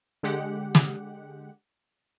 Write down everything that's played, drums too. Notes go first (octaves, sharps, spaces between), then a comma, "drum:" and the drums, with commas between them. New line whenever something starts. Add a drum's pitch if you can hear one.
D3 G#3 G4 F#5
drum: snare